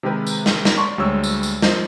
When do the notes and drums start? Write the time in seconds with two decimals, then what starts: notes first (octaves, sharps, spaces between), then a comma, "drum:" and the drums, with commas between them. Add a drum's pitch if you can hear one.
0.03 C3 D#3 G#3 G4 A#4 B4
0.27 drum: tambourine
0.46 drum: snare
0.65 drum: snare
0.77 D5 A#5 C6 C#6
0.98 D2 G3 G#3 C#5 G5 E6
1.24 drum: tambourine
1.43 drum: tambourine
1.62 F3 D#4 C5 D#5, drum: snare